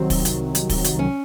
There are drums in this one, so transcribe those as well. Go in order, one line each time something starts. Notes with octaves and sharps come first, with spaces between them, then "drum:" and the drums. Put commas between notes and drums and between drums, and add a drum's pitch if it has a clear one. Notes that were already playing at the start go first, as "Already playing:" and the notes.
Already playing: C2 C3 D#3 F#3 C4
drum: kick, open hi-hat
drum: hi-hat
drum: hi-hat
drum: kick, open hi-hat
drum: hi-hat
C#4